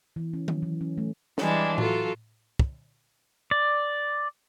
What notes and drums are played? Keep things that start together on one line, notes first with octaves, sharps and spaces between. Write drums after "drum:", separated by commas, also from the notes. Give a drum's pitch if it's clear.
E3
C#4
F#3, drum: tom D#3
E3
C#4
A3
E3 G3 G#3 D4, drum: snare
F#3 F4 A4, drum: tom A2
drum: kick
D5